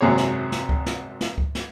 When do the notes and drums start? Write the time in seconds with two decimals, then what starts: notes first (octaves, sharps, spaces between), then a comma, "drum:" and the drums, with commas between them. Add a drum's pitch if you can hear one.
0.01 G#1 F#2 C3 G#4 C#5
0.18 drum: snare
0.52 drum: snare
0.69 drum: kick C#2
0.86 drum: snare
1.21 drum: snare
1.38 drum: kick C#2
1.55 drum: snare